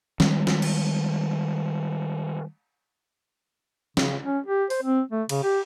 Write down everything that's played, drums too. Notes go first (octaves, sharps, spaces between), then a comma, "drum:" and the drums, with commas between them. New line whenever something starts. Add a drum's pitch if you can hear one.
D#3 G3 G#3, drum: snare
drum: snare
drum: cymbal
C#3, drum: snare
C#4
G4
C5, drum: open hi-hat
C4
A3
C#3, drum: cymbal
G4